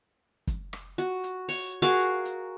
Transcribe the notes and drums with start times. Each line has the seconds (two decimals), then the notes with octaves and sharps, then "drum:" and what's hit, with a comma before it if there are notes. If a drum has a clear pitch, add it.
0.47 drum: kick, hi-hat
0.73 drum: rim click
0.98 F#4, drum: hi-hat
1.24 drum: hi-hat
1.49 C#5, drum: open hi-hat
1.82 F#4 G#4 A#4 F5
2.00 drum: hi-hat
2.25 drum: hi-hat